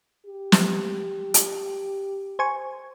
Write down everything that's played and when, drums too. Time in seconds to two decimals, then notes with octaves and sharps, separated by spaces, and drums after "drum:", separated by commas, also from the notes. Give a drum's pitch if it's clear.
0.26 G4
0.52 drum: snare
1.34 drum: hi-hat
2.39 C5 G#5 C#6